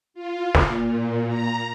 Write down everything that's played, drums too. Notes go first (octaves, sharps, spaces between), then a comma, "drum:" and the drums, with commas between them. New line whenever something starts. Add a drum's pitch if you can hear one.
F4
drum: snare
A#2
A#5